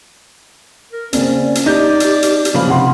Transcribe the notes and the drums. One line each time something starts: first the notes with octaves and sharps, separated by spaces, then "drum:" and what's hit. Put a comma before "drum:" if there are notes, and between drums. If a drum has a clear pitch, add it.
A#4
C#3 A#3 C4 C#4 D5, drum: hi-hat
drum: hi-hat
D#4 G4 D5 G6
drum: hi-hat
drum: hi-hat
drum: hi-hat
C#3 F3 A#3 B5
C3 F#5 C6